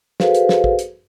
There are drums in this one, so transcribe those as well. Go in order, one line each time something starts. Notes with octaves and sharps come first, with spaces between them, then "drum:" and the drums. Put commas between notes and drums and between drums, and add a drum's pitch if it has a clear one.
F#4 G#4 A4 B4 C5 F5, drum: snare
drum: hi-hat
drum: snare
drum: kick
drum: hi-hat